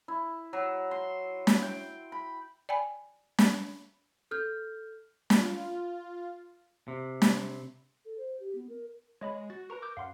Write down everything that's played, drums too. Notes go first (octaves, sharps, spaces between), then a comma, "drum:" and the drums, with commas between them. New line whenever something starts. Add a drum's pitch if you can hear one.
E4
F#3
C6
drum: snare
G5
B5
D5 G5 G#5 B5
drum: snare
A4 F6 G6
drum: snare
F4
C3
drum: snare
A4
C5
G4
B3
A#4
G#3 C#5 D#5 B5
F#4 A6
A#4 B4 A#5 C#6
D6 E6 G6
F#2 F5 F#5 C6